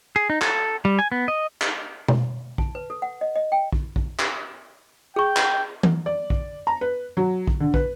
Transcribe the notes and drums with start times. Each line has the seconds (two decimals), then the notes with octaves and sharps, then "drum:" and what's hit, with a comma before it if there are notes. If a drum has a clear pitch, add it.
0.16 G#4
0.30 D#4
0.42 A4, drum: clap
0.85 G3
0.99 G#5
1.12 B3
1.28 D#5
1.62 drum: clap
2.08 drum: tom B2
2.58 A5, drum: kick
2.75 B4
2.90 A4
3.02 F#5
3.21 D#5
3.36 D#5
3.52 G5
3.72 drum: kick
3.96 drum: kick
4.19 drum: clap
5.16 G#4 G5 C#6
5.37 drum: clap
5.83 drum: tom E3
6.06 D5
6.30 drum: kick
6.67 A#5
6.81 B4
7.17 F#3
7.47 drum: kick
7.60 D3
7.74 B4, drum: kick